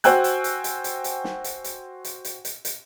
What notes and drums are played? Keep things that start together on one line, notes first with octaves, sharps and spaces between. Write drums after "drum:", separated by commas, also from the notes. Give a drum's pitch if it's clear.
F#4 C5 G5 G#5 E6 F#6, drum: hi-hat
drum: hi-hat
drum: hi-hat
drum: hi-hat
drum: hi-hat
drum: hi-hat
drum: snare
drum: hi-hat
drum: hi-hat
drum: hi-hat
drum: hi-hat
drum: hi-hat
drum: hi-hat